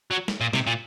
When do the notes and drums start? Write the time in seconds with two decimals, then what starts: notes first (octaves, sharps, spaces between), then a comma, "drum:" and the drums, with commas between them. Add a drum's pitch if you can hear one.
0.11 F#3
0.28 drum: snare
0.41 A#2
0.53 C3, drum: snare
0.67 A#2